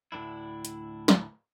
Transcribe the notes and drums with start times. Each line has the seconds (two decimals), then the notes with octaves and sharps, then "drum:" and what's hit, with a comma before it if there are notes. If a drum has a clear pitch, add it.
0.12 D2 A2 D4 E4
0.65 drum: hi-hat
1.08 drum: snare